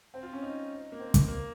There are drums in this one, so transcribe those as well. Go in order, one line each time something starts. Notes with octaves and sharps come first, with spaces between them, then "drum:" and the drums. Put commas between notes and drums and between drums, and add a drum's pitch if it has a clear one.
C4
F4
C#4
D#4
A#3
C4
drum: kick, hi-hat
A#3